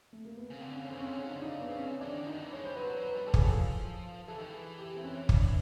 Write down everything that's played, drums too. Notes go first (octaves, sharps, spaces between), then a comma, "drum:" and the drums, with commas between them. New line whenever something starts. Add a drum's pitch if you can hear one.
A3
A#3
B3
C#3 C4
D3
C#3 C#4
D3
C4
C#3
C#4
D3
C#3
D#4
D3 D4
C#3 D#4
D4
B3
C4
C#4
E3 D4
D#3
D3
D#3 D#4
E3
G#3 C#5
G3 C5
F#3 B4
F#3
B4
G3
G3 A4
F#3 G#4, drum: kick
A4
F3
E3 A4
D#3
E3 G#4
G4
C4
C#4
D4, drum: kick
E4